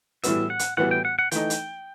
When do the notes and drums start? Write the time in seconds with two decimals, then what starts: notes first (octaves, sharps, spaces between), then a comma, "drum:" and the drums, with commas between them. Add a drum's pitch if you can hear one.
0.23 A2 E3 G3 B3 F#4 E5, drum: hi-hat
0.50 F#5
0.59 drum: hi-hat
0.77 A2 E3 G3 B3 F#4 F#5
0.91 G5
1.05 F#5
1.19 F#5
1.31 E3 A3 D#4 G5, drum: hi-hat
1.50 drum: hi-hat